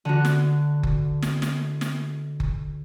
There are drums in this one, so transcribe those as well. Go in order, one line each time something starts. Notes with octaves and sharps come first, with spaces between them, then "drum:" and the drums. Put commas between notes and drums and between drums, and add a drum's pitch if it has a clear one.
D3 F#4
drum: snare
drum: kick F#1
drum: snare
drum: snare
drum: snare
drum: kick F#1